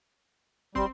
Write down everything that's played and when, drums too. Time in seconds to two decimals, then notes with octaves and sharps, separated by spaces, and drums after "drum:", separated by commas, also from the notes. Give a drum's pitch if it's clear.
0.75 G3 C4 C6, drum: kick